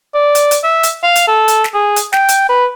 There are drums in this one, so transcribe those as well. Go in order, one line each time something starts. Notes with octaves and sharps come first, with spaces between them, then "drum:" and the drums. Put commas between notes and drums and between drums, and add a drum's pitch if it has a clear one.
D5
drum: hi-hat
drum: hi-hat
E5
drum: hi-hat
F5
drum: hi-hat
A4
drum: hi-hat
drum: snare
G#4
drum: hi-hat
G5, drum: snare
drum: hi-hat
B4